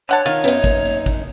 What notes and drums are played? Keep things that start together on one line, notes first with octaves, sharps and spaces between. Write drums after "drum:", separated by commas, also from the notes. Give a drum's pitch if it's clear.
D3 C#5 F#5 A5
D#3 F4
F#2 B3 C#4 D#4
A#3, drum: kick, hi-hat
drum: hi-hat
drum: kick, hi-hat